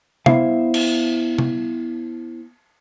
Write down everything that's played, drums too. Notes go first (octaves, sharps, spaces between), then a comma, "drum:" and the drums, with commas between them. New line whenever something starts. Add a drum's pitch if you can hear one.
B3 E4 C5 E5 F5, drum: tom C3
drum: cymbal
drum: tom C3